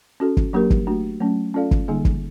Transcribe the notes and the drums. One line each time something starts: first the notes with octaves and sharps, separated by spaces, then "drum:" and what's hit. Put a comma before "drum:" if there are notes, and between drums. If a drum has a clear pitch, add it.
C#4 F#4 A4
drum: kick
F#3 A#3 D4 G4 A#4
drum: kick
A3 D4 F#4
F#3 A3 C#4
C#4 F4 A4 D5 F5
drum: kick
D3 G3 A#3 D#4 G#4
drum: kick